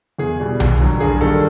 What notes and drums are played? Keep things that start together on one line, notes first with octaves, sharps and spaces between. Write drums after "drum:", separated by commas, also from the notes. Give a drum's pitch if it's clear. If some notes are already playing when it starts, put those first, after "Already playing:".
E2 G#4
B2 G3
D#2, drum: tom B1
D3 F#3 A#3
G2 G#4
D#3 G3 A4